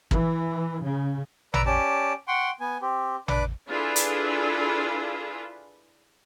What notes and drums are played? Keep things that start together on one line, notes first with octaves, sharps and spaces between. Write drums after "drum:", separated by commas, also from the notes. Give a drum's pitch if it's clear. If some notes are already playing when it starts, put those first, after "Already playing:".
E3, drum: kick
C#3
B4 D5 A#5 E6, drum: tom A1
C#4 G4 D5 A5
F#5 G5 C6 C#6
B3 G#5
C4 G4
D4 B4 D6, drum: tom A1
D4 E4 F4 G#4 A4 B4
drum: hi-hat